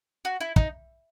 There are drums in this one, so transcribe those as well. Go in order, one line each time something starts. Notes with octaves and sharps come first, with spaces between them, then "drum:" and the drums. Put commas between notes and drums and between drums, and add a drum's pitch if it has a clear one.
F#4
E4
D#4, drum: kick